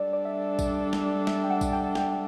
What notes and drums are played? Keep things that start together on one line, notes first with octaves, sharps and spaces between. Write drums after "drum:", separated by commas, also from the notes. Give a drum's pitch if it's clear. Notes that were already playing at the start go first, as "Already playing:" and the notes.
Already playing: G3 D4 A4 D5
D5
E5
drum: kick A#1, tambourine
drum: snare
E5, drum: snare
G5
F#5
drum: kick A#1, tambourine
G5
G5, drum: snare